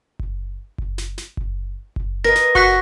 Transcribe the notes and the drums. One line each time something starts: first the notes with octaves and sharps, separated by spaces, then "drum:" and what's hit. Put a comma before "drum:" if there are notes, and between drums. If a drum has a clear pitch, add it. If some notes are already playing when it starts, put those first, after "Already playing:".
drum: kick F#1
drum: kick F#1
drum: snare
drum: snare
drum: kick F#1
drum: kick F#1
A#4 B4 D#5 A#6
drum: snare
F#4 C#6 F#6 B6, drum: kick F#1